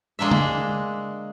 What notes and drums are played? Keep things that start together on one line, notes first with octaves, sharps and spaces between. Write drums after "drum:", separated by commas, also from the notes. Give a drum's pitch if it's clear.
G#3 A#3 D4 E5
drum: tom C#3